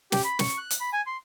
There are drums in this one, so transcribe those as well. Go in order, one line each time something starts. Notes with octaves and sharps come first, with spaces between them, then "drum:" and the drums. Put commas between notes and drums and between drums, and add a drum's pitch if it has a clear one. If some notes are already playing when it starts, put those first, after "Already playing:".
G4, drum: snare
B5
C#6, drum: snare
F#6
drum: hi-hat
B5
G#5
C6